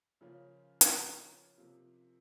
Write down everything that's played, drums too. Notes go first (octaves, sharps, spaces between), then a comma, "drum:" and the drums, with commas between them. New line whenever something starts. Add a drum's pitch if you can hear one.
C#3 F3 A#3 C#4 F4
drum: hi-hat
C3 F3 A#3